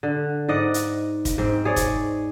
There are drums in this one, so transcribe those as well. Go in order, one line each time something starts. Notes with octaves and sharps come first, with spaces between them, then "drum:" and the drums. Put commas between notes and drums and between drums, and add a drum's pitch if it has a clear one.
D3
G#2 D5 D#5 F#5
drum: hi-hat
drum: kick, hi-hat
G#2 C4
G#4 C#5 D5
drum: kick, hi-hat